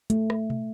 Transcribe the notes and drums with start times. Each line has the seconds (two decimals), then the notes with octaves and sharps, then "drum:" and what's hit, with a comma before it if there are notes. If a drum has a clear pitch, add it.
0.10 A3, drum: hi-hat
0.30 drum: rim click
0.50 drum: tom B2